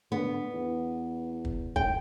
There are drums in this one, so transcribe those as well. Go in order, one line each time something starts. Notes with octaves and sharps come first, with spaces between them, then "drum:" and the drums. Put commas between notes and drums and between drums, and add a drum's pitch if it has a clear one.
D3 B3
E2
drum: kick
G5, drum: kick